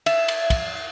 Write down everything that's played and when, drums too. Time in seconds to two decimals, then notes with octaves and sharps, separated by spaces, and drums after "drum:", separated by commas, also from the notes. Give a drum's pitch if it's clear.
0.06 E5, drum: cymbal
0.28 drum: cymbal
0.50 drum: kick, cymbal